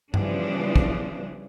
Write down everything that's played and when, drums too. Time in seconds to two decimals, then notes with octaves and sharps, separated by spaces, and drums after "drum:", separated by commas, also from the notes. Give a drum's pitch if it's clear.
0.14 C#3 E3 F3 G3 B3 D4, drum: tom G2
0.76 drum: kick